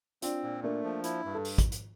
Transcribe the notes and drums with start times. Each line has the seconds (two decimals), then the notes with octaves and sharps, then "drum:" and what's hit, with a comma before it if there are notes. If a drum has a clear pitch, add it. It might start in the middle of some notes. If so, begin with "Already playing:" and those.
0.22 C4 D4 F4, drum: hi-hat
0.43 A#2
0.63 A3 A#3 D4
0.84 F3
1.04 E4, drum: hi-hat
1.25 G2
1.35 A4
1.45 drum: open hi-hat
1.58 drum: kick, hi-hat
1.72 drum: hi-hat